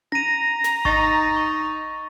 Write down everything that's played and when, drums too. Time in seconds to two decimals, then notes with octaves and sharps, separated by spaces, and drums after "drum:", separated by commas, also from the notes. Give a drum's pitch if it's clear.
0.12 A#5 A#6 D#7, drum: tom C#4
0.64 drum: snare
0.85 D#4 C#6 A6, drum: kick G#1
1.36 C#6